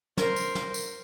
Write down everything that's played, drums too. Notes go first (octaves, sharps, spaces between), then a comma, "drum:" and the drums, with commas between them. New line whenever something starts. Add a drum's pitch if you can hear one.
A#4 C5, drum: snare
drum: tambourine
drum: snare
drum: tambourine